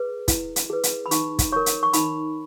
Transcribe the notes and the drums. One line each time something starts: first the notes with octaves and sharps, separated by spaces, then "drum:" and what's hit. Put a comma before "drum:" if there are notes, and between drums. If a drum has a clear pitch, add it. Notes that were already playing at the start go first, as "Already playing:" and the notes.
Already playing: G#4 B4
E4, drum: kick, hi-hat
drum: hi-hat
G#4 B4
drum: hi-hat
B5
D#4 C#6, drum: hi-hat
drum: kick, hi-hat
A#4 C#5 C#6
drum: hi-hat
C#6
D#4 B5, drum: hi-hat